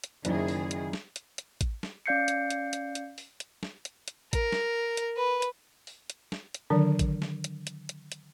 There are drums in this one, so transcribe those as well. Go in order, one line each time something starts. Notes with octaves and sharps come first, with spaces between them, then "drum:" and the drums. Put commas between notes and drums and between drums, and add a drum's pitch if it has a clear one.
drum: hi-hat
F#1 D#3 F#3 E4 G#4 D5, drum: hi-hat
drum: open hi-hat
drum: hi-hat
drum: snare
drum: hi-hat
drum: hi-hat
drum: kick A1, hi-hat
drum: snare
C#4 D5 F5 G6 C7 C#7
drum: hi-hat
drum: hi-hat
drum: hi-hat
drum: hi-hat
drum: open hi-hat
drum: hi-hat
drum: snare
drum: hi-hat
drum: hi-hat
A#4, drum: kick A1, hi-hat
drum: snare
drum: hi-hat
B4
drum: hi-hat
drum: open hi-hat
drum: hi-hat
drum: snare
drum: hi-hat
D3 D#3 F#3 D4 D5
drum: kick A1, hi-hat
drum: snare
drum: hi-hat
drum: hi-hat
drum: hi-hat
drum: hi-hat